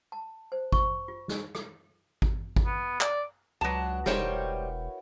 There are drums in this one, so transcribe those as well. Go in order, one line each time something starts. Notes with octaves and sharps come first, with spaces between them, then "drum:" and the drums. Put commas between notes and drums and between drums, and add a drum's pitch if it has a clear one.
A5
C5
C#6, drum: kick G#1
F4
drum: snare
drum: rim click
drum: kick G#1
drum: kick G#1
B3
D5, drum: clap
C#2 F#3 D4 F#4 B4 D#5 A5
E1 G3 E4 F#4 A#4 C5 C#5 G5, drum: snare